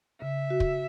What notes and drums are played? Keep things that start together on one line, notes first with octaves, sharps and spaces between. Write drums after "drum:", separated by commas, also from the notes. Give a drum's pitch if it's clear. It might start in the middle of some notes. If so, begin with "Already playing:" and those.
C#3 E5
F#4
drum: kick